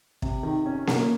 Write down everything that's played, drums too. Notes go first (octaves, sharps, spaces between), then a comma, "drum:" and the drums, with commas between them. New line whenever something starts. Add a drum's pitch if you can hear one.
C3, drum: kick
D#3
C#4
A#3, drum: snare A#3